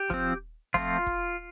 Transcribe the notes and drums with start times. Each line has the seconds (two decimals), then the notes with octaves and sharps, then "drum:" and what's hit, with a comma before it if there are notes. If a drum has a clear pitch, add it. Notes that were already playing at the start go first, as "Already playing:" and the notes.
Already playing: G4
0.10 F3 C4, drum: kick
0.74 F3 A3 C4 F4, drum: kick
1.06 drum: kick